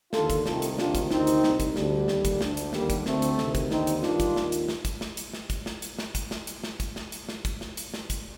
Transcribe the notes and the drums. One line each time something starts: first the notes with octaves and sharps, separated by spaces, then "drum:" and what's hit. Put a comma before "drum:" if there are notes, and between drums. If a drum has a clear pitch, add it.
D#2 D3 F4 A4, drum: snare
drum: kick, hi-hat
C2 C3 D#3 F4 A4, drum: snare
drum: hi-hat
D2 C3 D#3 D4 F4, drum: snare
drum: kick, hi-hat
D2 C3 D#3 C4 D#4, drum: snare
drum: hi-hat
C2 A#2, drum: snare
drum: kick, hi-hat
D2 D3 G3, drum: snare
D#2 D3, drum: snare
drum: kick, hi-hat
D2 D3, drum: snare
drum: hi-hat
D#2 D3 G3 A#3, drum: snare
drum: kick, hi-hat
D2 D3 A3 C4, drum: snare
drum: hi-hat
D2 C3 D#3, drum: snare
drum: kick, hi-hat
D#2 D3 C4 D#4, drum: snare
drum: hi-hat
G2 D#3 D4 F4, drum: snare
drum: kick, hi-hat
D#2 D#3, drum: snare
drum: hi-hat
drum: snare
drum: kick, hi-hat
drum: snare
drum: hi-hat
drum: snare
drum: kick, hi-hat
drum: snare
drum: hi-hat
drum: snare
drum: kick, hi-hat
drum: snare
drum: hi-hat
drum: snare
drum: kick, hi-hat
drum: snare
drum: hi-hat
drum: snare
drum: kick, hi-hat
drum: snare
drum: hi-hat
drum: snare
drum: kick, hi-hat